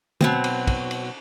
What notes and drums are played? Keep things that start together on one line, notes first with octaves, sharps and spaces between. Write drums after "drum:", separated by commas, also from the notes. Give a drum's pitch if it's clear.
B2 F#3 C4, drum: tom
drum: cymbal
drum: kick, cymbal
drum: cymbal